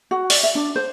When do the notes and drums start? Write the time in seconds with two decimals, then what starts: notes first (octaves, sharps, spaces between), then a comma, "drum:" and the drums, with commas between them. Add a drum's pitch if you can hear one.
0.11 F#4
0.30 D5, drum: open hi-hat
0.43 E5
0.55 D4
0.76 C5